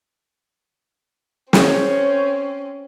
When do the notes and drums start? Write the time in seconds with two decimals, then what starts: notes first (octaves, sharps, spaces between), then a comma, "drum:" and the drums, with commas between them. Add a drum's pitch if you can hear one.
1.53 C4 C#4 A#4 C5 C#5, drum: snare